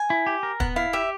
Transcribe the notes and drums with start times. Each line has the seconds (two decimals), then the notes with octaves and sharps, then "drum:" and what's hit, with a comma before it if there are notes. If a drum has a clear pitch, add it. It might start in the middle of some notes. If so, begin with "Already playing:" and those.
Already playing: G#5
0.10 E4
0.27 G4
0.43 A#4
0.60 B3 F#5, drum: kick
0.76 E4 F5
0.93 G4 E5